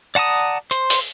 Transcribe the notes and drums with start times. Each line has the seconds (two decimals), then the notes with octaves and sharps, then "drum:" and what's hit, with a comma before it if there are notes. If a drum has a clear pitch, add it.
0.15 D5 F#5 A5 A#5 D#6
0.71 C5, drum: hi-hat
0.90 drum: open hi-hat